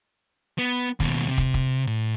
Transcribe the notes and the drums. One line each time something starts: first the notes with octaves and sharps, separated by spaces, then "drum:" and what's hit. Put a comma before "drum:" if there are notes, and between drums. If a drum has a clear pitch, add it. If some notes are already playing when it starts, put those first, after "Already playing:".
B3
D#2 B2, drum: kick
C3
drum: kick
drum: kick
A2